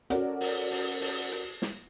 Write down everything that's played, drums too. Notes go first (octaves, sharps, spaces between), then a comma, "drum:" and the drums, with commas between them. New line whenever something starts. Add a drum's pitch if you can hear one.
C#4 F#4 A4 A#4 D5, drum: hi-hat
drum: open hi-hat
drum: open hi-hat
drum: open hi-hat
drum: hi-hat
drum: snare